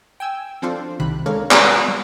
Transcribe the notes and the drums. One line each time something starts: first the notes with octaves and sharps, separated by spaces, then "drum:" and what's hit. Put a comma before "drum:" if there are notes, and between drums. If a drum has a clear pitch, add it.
G5 G#5 E6
F3 C4 D4 F4 A4 C5
C2 C3 D#3 B5 F#6
G#3 D4 A4 A#4 C#5 F5
F#3 B3 B4, drum: clap
G3